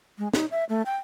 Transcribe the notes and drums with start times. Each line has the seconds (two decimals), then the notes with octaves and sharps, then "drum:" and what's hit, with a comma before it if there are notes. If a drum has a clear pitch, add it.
0.18 G#3
0.34 D#4, drum: snare
0.51 E5
0.69 A3
0.86 G5